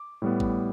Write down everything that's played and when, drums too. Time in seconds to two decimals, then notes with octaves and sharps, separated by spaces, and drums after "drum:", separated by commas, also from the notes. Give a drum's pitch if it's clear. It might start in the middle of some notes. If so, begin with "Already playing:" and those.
Already playing: D6
0.22 A2 G3 B3
0.40 drum: kick